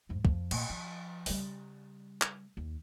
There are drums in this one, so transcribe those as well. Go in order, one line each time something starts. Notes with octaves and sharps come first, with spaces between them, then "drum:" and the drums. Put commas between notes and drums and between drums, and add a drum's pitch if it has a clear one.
F2 G#2
F2 F3, drum: kick
A#2, drum: cymbal
F3
C#3 G3, drum: open hi-hat
drum: clap
D#2